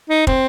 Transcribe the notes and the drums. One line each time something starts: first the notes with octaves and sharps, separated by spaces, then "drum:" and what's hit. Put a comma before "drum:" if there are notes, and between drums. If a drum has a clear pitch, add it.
D#4
C4, drum: kick